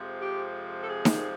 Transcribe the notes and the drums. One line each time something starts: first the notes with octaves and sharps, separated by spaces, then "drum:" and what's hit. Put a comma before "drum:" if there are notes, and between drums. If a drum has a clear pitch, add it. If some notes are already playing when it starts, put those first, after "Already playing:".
Already playing: F2 C3 F3 G#3
G4
A4
G#4
drum: snare D#4